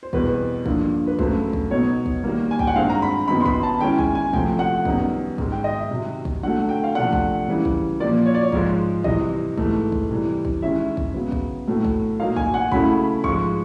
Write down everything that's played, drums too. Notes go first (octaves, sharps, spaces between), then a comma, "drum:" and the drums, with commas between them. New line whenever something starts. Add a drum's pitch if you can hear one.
C5
E2 B2 G3 C4 B4, drum: kick
G2 D3 F3 A#3, drum: kick
B4
F#2 C#3 F#3 A3 C5, drum: kick
drum: kick
B2 F#3 B3 D#4 C#5
drum: kick
D#3 G3 A#3
G#5
G5, drum: kick
F#5
G2 D#3 G#3 C4 F5
A#5
B5
F#2 D#3 F#3 B3 D#4 B5
C6
B5, drum: kick
A5
D#3 G#3 C#4 E4 G5
G#5, drum: kick
G#5
C3 F3 A3 C4 G5, drum: kick
F#5
F#2 D#3 G3 B3 D#4, drum: kick
G#2 D#3 G#3, drum: kick
G5
D#5
E5
C3 D#3 F#3
drum: kick
D3 F#3 A3 F#5
G5
F5
C3 F3 A3 D4 F#5
drum: kick
C#3 E3 G3
drum: kick
A#2 F3 A#3 D5
C#5
D5
C#5
G#2 F3 G#3, drum: kick
C3 E3 G3 D#5, drum: kick
G#2 E3 A3, drum: kick
drum: kick
C3 E3 G3
drum: kick
D#3 G#3 C#4 E4 E5
drum: kick
C#3 F#3 B3
drum: kick
A2 F#3 A3
drum: kick
A#2 F#3 A#3 D#4 F5
G#5, drum: kick
F#5
C#3 F#3 A3 C#4 E4 B5, drum: kick
G#2 F3 G#3 C#6, drum: kick